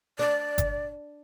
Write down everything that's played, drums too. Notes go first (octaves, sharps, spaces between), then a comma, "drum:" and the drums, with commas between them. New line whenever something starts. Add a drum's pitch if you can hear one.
D4 D5
drum: kick G1, hi-hat